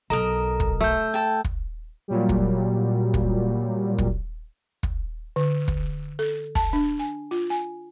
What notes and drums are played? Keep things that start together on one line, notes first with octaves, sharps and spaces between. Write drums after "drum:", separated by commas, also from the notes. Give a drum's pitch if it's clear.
B1 A4 A#4 D#5 A#5
drum: kick
A3 E6 G6
A4 G5
drum: kick
A#2 F#3 G3
drum: kick
drum: kick
drum: kick
drum: kick
D3
drum: kick
A4
A5, drum: kick
D4
G#5
F4
G#5